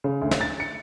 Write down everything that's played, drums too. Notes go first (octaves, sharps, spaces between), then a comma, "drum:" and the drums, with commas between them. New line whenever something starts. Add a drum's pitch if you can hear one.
C#3
D2
drum: snare
A6
C#7